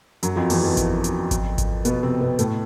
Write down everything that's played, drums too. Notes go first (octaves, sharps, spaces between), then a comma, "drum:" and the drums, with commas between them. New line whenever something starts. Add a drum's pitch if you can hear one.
F#2 F#3, drum: hi-hat
F2 F3
E2 E3, drum: open hi-hat
F2 F3
drum: kick G#1, hi-hat
drum: hi-hat
drum: kick G#1, hi-hat
drum: kick G#1, hi-hat
B2 B3, drum: hi-hat
C3 C4
B2 B3
A2 A3, drum: hi-hat